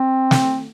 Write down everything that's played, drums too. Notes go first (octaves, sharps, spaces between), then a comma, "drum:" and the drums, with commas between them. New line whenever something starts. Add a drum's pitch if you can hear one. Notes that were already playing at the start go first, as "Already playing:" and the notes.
Already playing: C4
drum: snare